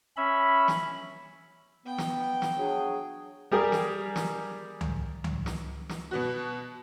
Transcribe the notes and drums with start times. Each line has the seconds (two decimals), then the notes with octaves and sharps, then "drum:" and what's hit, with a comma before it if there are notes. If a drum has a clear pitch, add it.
0.17 C#4 E5 B5
0.68 drum: snare
1.86 B3 G5
1.98 drum: snare
2.42 drum: snare
2.57 F#3 D4 G#4
3.51 G3 G4 G#4 A#4
3.72 drum: snare
4.16 drum: snare
4.81 drum: tom C#2
5.24 drum: tom C#2
5.46 drum: snare
5.89 drum: snare
6.11 B2 B3 F#4